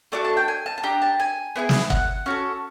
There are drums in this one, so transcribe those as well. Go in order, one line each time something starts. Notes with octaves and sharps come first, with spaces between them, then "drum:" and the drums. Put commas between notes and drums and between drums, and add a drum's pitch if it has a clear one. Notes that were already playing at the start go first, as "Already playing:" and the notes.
A3 D4 F#4 A4 D6
A5
G5
G#5
A5
A5
D4 G4 A#5
A5
G#5
B3 E4 G#4
drum: snare
F#5, drum: kick
C#4 F#4 A4